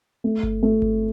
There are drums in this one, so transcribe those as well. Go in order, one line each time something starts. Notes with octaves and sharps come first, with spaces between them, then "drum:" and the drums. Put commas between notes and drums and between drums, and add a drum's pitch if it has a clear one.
A3
drum: kick G1
A3
drum: kick G1